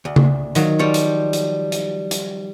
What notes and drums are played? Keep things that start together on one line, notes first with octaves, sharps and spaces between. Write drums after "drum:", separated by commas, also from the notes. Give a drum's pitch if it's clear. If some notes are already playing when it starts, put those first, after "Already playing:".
D2
drum: tom C#3
D#3 F#3, drum: hi-hat
F3 G3 C#5
drum: hi-hat
drum: hi-hat
drum: hi-hat
drum: hi-hat